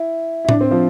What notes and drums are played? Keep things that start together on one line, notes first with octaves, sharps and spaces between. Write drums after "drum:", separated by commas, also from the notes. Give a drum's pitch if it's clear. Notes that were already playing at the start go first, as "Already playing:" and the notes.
Already playing: E4
E4
D4, drum: tom A2
C4
F3